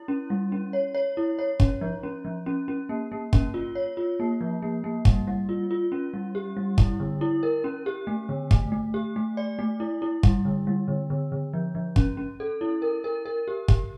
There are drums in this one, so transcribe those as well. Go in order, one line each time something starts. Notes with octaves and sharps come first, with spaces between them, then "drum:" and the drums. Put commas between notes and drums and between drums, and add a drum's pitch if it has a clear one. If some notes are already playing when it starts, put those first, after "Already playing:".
Already playing: E4
C#4
G3
C#4
C#5
C#5
E4
C#5
C#4, drum: kick
F3
C#4
F3
C#4
C#4
A#3
A#3
C#4, drum: kick
F4
C#5
F4
A#3
F3
A#3
A#3
G3, drum: kick
G3
F4
F4
C#4
G3
G4
G3
E4, drum: kick
D3
E4
A#4
C#4
G4
A3
D3
A3, drum: kick
A3
G4
A3
D5
A3
E4
E4
G3, drum: kick
D3
G3
D3
D3
D3
F3
F3
C#4, drum: kick
C#4
A4
E4
A#4
A#4
A#4
G4
G4, drum: kick